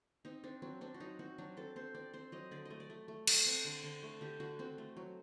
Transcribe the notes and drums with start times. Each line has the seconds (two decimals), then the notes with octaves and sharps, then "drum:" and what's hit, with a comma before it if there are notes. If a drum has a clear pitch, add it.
0.25 C4 D#4
0.44 C4 D4
0.62 F#3 C4
0.81 C4 D4
0.94 F#4
1.00 F#3 D#4
1.19 C4 F#4
1.38 F#3 D4
1.57 C4 A4
1.76 C4 C5
1.95 C4 D5
2.14 C4 C5
2.32 F#3 D#5
2.51 D3 D5
2.65 A3 D#5
2.80 D5
2.90 A3
3.08 A3
3.27 A3, drum: cymbal
3.46 C4
3.65 D3
3.84 D3
4.03 A3
4.21 D3 G4
4.40 D3 F#4
4.59 C4 F#4
4.78 A3
4.97 F#3